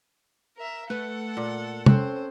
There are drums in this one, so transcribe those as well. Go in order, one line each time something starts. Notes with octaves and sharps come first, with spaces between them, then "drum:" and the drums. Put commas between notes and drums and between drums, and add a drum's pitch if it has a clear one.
A#4 E5
A3 A4 B4 F#5
A#2
C4 C#4 A4 C5 F#5, drum: tom C3